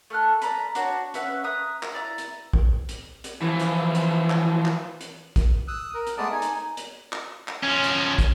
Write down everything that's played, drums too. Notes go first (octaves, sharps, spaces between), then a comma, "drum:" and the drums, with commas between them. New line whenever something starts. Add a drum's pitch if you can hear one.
A3 A4 F6 F#6
D5 A#5 B5, drum: hi-hat
D4 F#4 C#5, drum: hi-hat
C#4 B4 E5 F#5, drum: hi-hat
E5 A#5 D#6 F#6
drum: clap
E4 D5 A#5
drum: hi-hat
drum: kick
drum: hi-hat
drum: hi-hat
E3 F3
drum: hi-hat
drum: hi-hat
drum: clap
drum: clap
drum: hi-hat
drum: kick, hi-hat
D#6 E6 F#6
A#4
drum: hi-hat
G#3 A3 B3 D5 A5 D#6
D#4 G#5
drum: hi-hat
drum: hi-hat
drum: clap
drum: clap
F3 C#4
drum: hi-hat
drum: kick, hi-hat